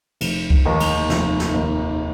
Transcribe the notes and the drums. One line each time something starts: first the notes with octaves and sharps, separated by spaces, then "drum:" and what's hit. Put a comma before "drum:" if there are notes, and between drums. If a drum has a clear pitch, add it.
F1, drum: cymbal
drum: kick C2
D#2 D#3 A#3
drum: cymbal
F1, drum: snare
drum: snare
D#2 D#3 A#3